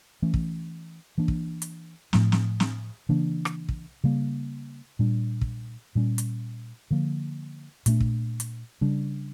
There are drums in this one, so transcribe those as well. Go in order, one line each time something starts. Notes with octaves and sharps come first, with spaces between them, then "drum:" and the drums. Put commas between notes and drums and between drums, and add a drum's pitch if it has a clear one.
E3 A3 C#4
drum: kick
E3 A#3 D4
drum: kick
drum: hi-hat
A2 F3 A3, drum: snare
drum: snare
drum: snare
C#3 E3 A#3 D4
drum: rim click
drum: kick
C#3 G3 A#3
A#2 G3 D4
drum: kick
A#2 G3 C#4
drum: hi-hat
D3 F3 A#3
A#2 A3 D4, drum: hi-hat
drum: kick
drum: hi-hat
C#3 G3 D4